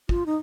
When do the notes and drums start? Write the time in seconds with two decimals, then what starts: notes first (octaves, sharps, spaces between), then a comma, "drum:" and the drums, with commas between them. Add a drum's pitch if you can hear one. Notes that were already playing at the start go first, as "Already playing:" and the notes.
0.09 F4, drum: kick
0.26 D#4